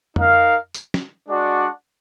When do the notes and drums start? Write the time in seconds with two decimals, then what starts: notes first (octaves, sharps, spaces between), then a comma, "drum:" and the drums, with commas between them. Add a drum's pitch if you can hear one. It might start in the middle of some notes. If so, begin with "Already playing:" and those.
0.16 D#4 A#4 F5, drum: tom F2
0.74 drum: tambourine
0.94 drum: snare
1.28 G#3 D4 F#4 D5 F#5